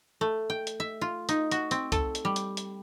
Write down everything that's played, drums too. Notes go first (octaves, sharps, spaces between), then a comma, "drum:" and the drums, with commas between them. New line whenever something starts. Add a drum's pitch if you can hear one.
A3
G5
drum: hi-hat
E5
F4
D#4, drum: hi-hat
F#4, drum: hi-hat
C4, drum: hi-hat
A4, drum: kick, hi-hat
drum: hi-hat
G3
drum: hi-hat
drum: hi-hat